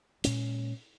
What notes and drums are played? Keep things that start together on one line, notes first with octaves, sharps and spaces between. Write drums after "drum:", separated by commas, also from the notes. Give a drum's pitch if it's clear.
A#2 G#3 C#4, drum: hi-hat